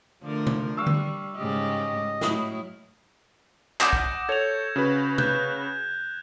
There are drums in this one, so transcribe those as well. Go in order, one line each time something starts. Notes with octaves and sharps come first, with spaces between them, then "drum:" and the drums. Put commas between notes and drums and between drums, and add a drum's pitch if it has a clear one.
D3 F3 A3 A#4
drum: tom
G3 F5 C#6 E6
drum: tom D3
G#2 C#3 G4 D#5
A2 F#3 E4 F5 B5 D#6, drum: snare
F#5 D6 D#6 G6 A#6 E7, drum: clap
drum: kick
A4 C#5 G#6 F7
C#3 F#4 B4
F#6 G6, drum: tom